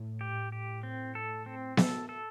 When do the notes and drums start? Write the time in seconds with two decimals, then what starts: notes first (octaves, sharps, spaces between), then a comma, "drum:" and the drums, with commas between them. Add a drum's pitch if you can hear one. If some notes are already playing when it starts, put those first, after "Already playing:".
Already playing: A2
0.21 G4
0.51 A2 G4
0.83 C4
1.15 A4
1.46 C4
1.77 A4, drum: snare B3
2.09 A4